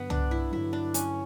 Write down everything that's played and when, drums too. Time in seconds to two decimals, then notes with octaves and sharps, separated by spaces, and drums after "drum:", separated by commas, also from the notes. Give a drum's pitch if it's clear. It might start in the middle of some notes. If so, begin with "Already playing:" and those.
Already playing: G2 D3 F#3 B3
0.10 D4, drum: tom
0.31 E4
0.52 G2 D3 F#3 E4
0.73 D4
0.94 C#4, drum: hi-hat